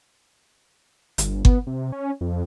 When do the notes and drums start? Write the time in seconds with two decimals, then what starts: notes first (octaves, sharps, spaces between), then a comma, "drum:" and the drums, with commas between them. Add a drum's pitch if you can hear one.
1.18 G1, drum: hi-hat
1.45 B3, drum: kick G1
1.67 C3
1.92 C#4
2.21 F2